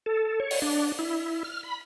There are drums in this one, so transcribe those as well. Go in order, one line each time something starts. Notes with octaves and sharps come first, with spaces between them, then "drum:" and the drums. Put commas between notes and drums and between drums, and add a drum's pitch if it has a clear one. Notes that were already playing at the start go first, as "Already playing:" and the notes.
A4
C#5
drum: open hi-hat
D4
E4
F6
B5